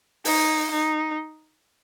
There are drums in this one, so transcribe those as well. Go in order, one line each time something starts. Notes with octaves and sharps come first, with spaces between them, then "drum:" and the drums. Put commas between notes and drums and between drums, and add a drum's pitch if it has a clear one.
D#4, drum: open hi-hat
D#4